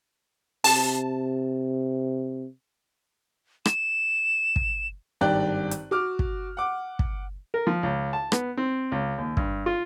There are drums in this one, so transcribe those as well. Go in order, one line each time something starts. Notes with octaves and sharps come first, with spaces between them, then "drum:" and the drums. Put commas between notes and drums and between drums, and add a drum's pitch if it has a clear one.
C3 A5, drum: open hi-hat
E7, drum: rim click
drum: kick
G#1 G2 G4 D5 G5 F#6
drum: hi-hat
F#4 D6 F6
drum: kick
F#5 D6
drum: kick
A#4
F3
C#2
A5
B3, drum: rim click
C4
C#2
D#2
G2, drum: kick
F4